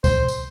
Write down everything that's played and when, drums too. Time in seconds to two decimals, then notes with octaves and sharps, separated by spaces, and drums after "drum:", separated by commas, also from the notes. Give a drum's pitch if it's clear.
0.04 C5, drum: kick C#2, tambourine
0.28 drum: tambourine